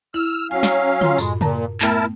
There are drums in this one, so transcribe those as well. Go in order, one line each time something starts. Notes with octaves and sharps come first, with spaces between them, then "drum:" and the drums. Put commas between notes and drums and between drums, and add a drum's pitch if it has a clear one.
E4 E6 F6
F#3 C#4 F5 G#5
drum: snare
F4 A#5 C6, drum: tom
F#2 A2 G#3 B5, drum: tambourine
A#2 A#4 A5 A#5, drum: tom
A3 B3 E4 A#4 G5 A5, drum: clap